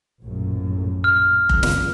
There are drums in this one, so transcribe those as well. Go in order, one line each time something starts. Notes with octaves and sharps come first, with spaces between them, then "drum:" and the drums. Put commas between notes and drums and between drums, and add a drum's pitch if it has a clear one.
A#1 F#2 A2
F6
F#1 C#2, drum: kick F1
drum: snare